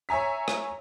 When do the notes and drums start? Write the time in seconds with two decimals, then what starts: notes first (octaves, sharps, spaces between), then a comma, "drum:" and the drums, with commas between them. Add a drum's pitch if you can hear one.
0.09 C#5 E5 G#5 A#5 B6
0.48 drum: rim click